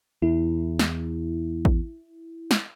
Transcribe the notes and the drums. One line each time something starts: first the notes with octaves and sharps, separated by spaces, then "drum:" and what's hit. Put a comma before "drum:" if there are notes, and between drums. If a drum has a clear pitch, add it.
E2 E4
drum: snare
drum: kick A1
drum: snare